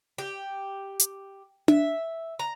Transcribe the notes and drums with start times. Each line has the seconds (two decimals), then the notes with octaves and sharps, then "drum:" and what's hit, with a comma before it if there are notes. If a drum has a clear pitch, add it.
0.18 G4
1.00 drum: hi-hat
1.68 E5, drum: tom D4
2.39 A#5